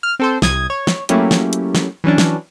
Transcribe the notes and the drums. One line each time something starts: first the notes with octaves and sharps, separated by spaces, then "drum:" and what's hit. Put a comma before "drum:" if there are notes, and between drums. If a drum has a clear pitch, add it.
F6
C4 A4 C5
C2 D#6 G#6, drum: snare
C#5
drum: snare
F#3 A3 A#3 C#4 E4 G4, drum: hi-hat
drum: snare
drum: hi-hat
drum: snare
E3 F#3 C#4 D4
drum: snare